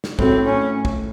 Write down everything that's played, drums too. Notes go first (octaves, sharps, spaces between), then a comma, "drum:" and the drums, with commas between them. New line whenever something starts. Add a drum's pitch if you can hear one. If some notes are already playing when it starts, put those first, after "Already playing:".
drum: snare
A2 F#3 A3 C4, drum: kick
C#4
drum: kick